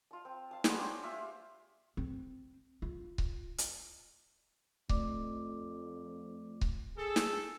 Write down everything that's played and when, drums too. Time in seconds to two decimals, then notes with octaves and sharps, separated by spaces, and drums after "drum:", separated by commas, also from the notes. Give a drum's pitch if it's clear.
0.11 F4 A5
0.25 C4
0.51 F5 A5
0.64 G#3 B3 D4 F4, drum: snare
0.78 G4 G#4 C5 C#5
1.03 F4 C5 E5
1.97 C4
2.82 F4
3.18 drum: kick C#1
3.58 drum: hi-hat
4.89 F2 A3 D5 D6, drum: kick C#1
6.61 drum: kick C#1
6.97 G#4 A4
7.16 drum: snare